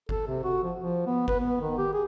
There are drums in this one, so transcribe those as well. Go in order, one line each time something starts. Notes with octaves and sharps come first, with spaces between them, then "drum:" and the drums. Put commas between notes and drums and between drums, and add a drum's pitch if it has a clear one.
A4, drum: kick G1
C3
F#4
F3
F3
B3
B4, drum: kick G1
B3
D#3
G4
G#4